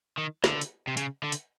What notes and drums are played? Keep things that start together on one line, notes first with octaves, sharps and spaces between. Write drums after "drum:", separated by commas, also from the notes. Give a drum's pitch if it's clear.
D#3
D3, drum: snare
drum: hi-hat
C3
C#3, drum: hi-hat
D3
drum: hi-hat